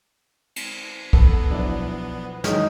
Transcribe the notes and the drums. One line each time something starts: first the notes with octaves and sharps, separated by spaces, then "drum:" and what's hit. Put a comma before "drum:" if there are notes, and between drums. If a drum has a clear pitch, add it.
drum: cymbal
B3 A4, drum: kick
B2 F3 F#3 D4 E4 D5
D#3 F#3 C#4 D#4, drum: snare